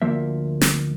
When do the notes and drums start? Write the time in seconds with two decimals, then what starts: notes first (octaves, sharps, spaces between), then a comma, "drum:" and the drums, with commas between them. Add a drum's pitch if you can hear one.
0.02 D2 F3 A#3 E5
0.61 drum: snare